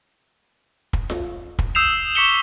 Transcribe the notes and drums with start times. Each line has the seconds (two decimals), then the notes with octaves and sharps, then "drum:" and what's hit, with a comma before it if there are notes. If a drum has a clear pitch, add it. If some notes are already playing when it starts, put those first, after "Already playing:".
0.93 drum: kick
1.10 drum: snare F4
1.59 drum: kick
1.75 D#6 E6 G6 C7 E7 F7
2.15 C#6 D6 B6 C#7 E7 G7